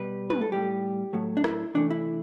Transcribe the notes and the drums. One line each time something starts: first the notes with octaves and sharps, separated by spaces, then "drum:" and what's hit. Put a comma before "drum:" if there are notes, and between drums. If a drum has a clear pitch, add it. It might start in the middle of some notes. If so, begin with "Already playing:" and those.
Already playing: B2 G3 B4
B4, drum: tom
A4
A2 G3 G4
A2 F#3 A3
D4
E4, drum: rim click
C3 E3 A3 D4
E4